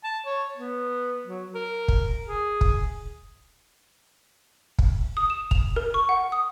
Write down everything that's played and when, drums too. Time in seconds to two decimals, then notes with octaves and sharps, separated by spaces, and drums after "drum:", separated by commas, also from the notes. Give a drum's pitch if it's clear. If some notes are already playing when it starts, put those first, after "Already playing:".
0.04 A5
0.26 C#5
0.57 B3
1.27 F#3
1.55 A#4
1.88 drum: kick
2.28 G#4
2.61 drum: kick
4.79 drum: kick
5.17 D#6
5.30 E7
5.51 F7, drum: kick
5.76 A#4
5.94 C#6
6.09 F#5
6.32 D#6